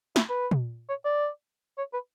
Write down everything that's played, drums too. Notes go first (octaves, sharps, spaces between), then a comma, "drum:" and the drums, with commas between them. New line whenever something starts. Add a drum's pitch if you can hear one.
E4, drum: snare
B4
drum: tom
C#5
D5
C#5
B4